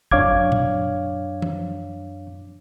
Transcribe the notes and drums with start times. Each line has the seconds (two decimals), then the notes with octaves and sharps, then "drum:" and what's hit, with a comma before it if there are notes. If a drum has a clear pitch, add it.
0.11 F#2 D4 C#5 F5 D6 G#6, drum: kick
0.52 drum: tom A#2
1.42 drum: tom E3